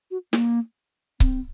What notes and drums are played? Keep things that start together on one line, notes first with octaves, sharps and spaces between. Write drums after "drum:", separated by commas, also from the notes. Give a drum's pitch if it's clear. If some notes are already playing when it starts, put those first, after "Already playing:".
F#4
A#3, drum: snare
C4, drum: kick C#1